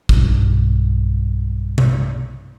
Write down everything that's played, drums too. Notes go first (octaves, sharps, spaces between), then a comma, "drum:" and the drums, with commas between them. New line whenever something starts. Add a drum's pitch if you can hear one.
B1 G2, drum: kick
drum: tom B2